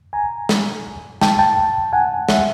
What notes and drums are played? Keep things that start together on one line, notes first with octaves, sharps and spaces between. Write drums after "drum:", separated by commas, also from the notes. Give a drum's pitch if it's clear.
G#5 A#5
drum: snare
G5 A5, drum: snare
G5 A5
F#5 G#5
E5 F#5, drum: snare